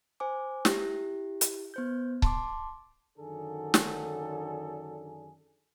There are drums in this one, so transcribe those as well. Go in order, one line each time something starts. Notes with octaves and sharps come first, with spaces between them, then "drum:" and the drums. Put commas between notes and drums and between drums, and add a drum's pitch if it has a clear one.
C5 G#5 D6
E4 G4, drum: snare
drum: hi-hat
B3 C5 G6
A5 C6 D6, drum: kick C#1
F#2 D3 D#3 D4 G#4 A4
drum: snare